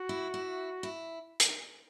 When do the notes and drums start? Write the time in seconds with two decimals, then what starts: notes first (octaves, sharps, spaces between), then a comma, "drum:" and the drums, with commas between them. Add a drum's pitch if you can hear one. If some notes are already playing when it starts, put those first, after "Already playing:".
Already playing: F#4
0.09 E4
0.34 E4
0.83 E4
1.40 drum: hi-hat